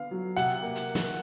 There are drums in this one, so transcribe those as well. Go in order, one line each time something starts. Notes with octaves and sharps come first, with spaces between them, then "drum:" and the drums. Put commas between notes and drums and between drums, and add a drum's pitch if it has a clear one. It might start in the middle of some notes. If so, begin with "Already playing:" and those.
Already playing: D3 B3 F5
F#3
C3 F#5, drum: hi-hat
A#3
drum: hi-hat
drum: snare